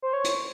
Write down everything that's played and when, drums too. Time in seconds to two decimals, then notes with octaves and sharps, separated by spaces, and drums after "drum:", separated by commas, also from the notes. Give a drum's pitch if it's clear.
0.02 C5
0.13 C#5
0.24 drum: hi-hat